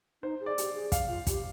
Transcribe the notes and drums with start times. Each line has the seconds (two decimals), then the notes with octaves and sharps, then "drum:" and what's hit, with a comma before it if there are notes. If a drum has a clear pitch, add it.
0.22 D#4 C5
0.40 G#4
0.46 D5
0.58 G4, drum: hi-hat
0.74 G#4
0.92 F5, drum: kick, hi-hat
1.08 F4
1.27 G4, drum: kick, hi-hat